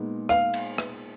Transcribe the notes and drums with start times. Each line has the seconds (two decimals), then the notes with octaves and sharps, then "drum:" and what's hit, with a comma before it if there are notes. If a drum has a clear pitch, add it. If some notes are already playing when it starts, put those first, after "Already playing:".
Already playing: A#2 G#3 B3 D#4
0.29 F5, drum: rim click
0.54 drum: cymbal
0.78 drum: rim click